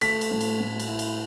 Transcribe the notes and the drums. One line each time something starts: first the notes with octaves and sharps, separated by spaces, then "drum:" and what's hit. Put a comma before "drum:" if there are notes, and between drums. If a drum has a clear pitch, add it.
A3 B6, drum: cymbal
drum: cymbal
A2
drum: cymbal
A2
drum: cymbal
E4
drum: cymbal